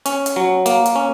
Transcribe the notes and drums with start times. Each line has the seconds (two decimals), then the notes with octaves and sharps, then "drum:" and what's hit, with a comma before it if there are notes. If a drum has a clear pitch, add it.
0.06 C#4, drum: hi-hat
0.26 drum: hi-hat
0.36 F#3
0.66 A#3, drum: hi-hat
0.86 drum: hi-hat
0.96 C#4